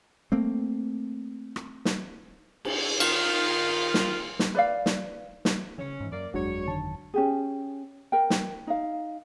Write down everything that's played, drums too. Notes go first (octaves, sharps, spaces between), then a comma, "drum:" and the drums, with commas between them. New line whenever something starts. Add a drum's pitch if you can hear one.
A3 A#3 C4
drum: rim click
drum: snare
drum: cymbal
D#3 F4, drum: cymbal
drum: snare
drum: snare
B4 D5 F5
drum: snare
drum: snare
C#3 E3 C#4
G#2 E3
F#2 A#3 D5
G1 F2 F#3 G#3 D4 F#4 C#5
D3 D#3 A5
C#4 G4 G#4
A#4 G5
drum: snare
D#4 F5